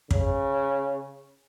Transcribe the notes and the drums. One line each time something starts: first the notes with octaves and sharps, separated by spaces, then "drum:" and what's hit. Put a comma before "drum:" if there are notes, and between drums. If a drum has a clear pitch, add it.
C#3, drum: kick